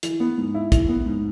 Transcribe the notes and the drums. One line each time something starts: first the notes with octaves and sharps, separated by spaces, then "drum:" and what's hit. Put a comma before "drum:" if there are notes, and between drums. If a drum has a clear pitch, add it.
E3, drum: hi-hat
B3
G#2
E4
E3, drum: kick, hi-hat
B3
G#2